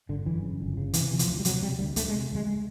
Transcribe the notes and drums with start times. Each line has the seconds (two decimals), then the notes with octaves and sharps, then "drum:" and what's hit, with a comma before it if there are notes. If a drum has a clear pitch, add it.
0.09 G1 D3
0.26 F#2 E3
0.43 C#3
0.60 G1
0.77 C#3
0.93 C3 E3, drum: hi-hat
1.11 C3 E3
1.19 F3, drum: hi-hat
1.28 D2
1.39 G3
1.45 C3 F#3, drum: hi-hat
1.62 C3 G3
1.79 D2 G3
1.96 D2 A3, drum: hi-hat
2.08 G#3
2.13 C3
2.31 D2 G#3
2.47 G#3